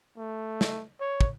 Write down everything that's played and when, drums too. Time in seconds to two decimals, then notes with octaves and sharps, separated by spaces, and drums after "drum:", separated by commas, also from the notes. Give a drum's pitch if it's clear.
0.17 A3
0.61 drum: snare
1.01 C#5
1.21 drum: kick